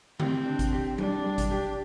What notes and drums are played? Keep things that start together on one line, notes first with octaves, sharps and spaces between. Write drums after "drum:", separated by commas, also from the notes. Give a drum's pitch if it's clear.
C4 G4, drum: tom C#3
D4
drum: kick G#1, hi-hat
G4
G3 D4, drum: tom F#3
G3
drum: kick G#1, hi-hat
G4